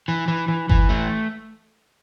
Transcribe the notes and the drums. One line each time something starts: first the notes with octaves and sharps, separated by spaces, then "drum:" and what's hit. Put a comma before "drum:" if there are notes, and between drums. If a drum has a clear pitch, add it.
E3
E3
E3
E3, drum: kick G1
A3